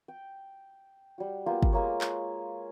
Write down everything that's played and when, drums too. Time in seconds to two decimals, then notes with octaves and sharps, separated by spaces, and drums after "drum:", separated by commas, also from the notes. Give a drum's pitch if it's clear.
0.08 G5
1.18 G3 F#4
1.46 A#3 B3 F4 G4
1.63 drum: kick
1.73 G#3 A#3 C#5
2.01 drum: clap